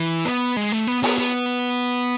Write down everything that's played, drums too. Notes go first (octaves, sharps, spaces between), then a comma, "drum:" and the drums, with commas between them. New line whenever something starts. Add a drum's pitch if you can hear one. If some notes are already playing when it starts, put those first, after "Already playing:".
Already playing: E3
B3, drum: hi-hat
G#3
A3
B3
B3, drum: open hi-hat
B3